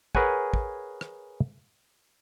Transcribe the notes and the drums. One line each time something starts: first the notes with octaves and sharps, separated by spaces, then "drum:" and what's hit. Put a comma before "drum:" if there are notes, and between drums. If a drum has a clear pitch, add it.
G#4 A#4 B4 C#5 F#5 G#5, drum: kick
drum: kick
drum: rim click